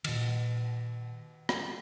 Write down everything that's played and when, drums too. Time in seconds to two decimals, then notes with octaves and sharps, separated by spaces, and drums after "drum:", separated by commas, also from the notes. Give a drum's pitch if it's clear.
0.04 A#2 D#3, drum: cymbal
1.49 drum: rim click